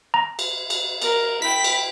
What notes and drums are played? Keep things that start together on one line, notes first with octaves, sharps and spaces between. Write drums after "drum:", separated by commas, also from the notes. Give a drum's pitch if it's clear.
A#5
drum: cymbal
drum: cymbal
A#4, drum: cymbal
E4 G5 B6
drum: cymbal